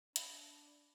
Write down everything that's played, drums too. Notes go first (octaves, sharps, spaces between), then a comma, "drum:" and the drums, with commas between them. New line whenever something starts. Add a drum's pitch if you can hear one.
D4 B5, drum: hi-hat